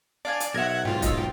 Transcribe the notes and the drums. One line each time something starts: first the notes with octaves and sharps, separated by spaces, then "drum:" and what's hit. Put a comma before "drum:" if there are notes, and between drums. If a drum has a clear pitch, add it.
D4 D5 F5 G#5
drum: hi-hat
B1 A#4 E5 F#5 G#6
G#2 F4 G4
D#4 E6, drum: kick C#1, hi-hat
G5